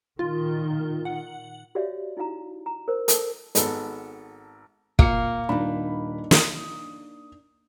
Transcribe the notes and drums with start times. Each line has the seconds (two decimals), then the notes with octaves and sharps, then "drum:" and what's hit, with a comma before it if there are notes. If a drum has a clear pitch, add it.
0.19 A#2 D#3 F4
1.05 F#5
1.75 F#4 G4 C#5 D5 E5 F5
2.17 D#4 E4 F#4 F5 A#5
2.66 A#5
2.88 A#4 C5
3.08 A4 A#4 A5, drum: hi-hat
3.55 G#1 B3 A4, drum: hi-hat
4.99 A#2 A#3 C#7, drum: kick
5.49 D#1 D4 D#4 B5
6.31 D#6, drum: snare